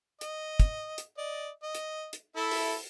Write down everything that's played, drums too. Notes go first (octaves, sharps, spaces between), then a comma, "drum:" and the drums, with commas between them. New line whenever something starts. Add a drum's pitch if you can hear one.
D#5, drum: hi-hat
drum: kick, hi-hat
drum: hi-hat
D5 D#5
D#5
drum: hi-hat
drum: hi-hat
E4 A4 E5
drum: open hi-hat